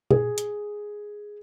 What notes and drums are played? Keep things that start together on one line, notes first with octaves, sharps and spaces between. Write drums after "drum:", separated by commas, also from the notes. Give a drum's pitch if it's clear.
G#4, drum: tom A#2
drum: hi-hat